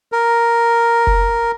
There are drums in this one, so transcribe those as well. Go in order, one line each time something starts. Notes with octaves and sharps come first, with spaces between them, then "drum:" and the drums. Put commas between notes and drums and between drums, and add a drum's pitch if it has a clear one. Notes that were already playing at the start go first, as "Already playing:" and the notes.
A#4
drum: kick F1